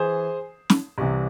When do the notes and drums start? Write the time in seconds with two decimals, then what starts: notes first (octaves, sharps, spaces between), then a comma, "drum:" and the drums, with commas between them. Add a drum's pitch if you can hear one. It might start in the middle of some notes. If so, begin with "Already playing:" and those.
Already playing: E3 G#4 C5
0.70 drum: snare
0.98 C2 C3 E3